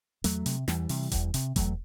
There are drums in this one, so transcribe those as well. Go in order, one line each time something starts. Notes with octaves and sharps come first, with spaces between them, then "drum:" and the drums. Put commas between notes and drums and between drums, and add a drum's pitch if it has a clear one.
E2 F#3 A3, drum: hi-hat
C3, drum: hi-hat
E2 E3 G3, drum: snare
C3, drum: open hi-hat
E2, drum: kick E1, hi-hat
C3, drum: hi-hat
E2 F#3 A3, drum: kick E1, hi-hat